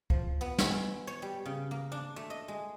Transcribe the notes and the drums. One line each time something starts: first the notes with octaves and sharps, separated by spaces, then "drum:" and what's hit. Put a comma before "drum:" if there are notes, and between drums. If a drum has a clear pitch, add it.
F3, drum: kick
B3
G#3, drum: snare
C#5
G3
C#3
A#3
D4
A3
D#5
G#3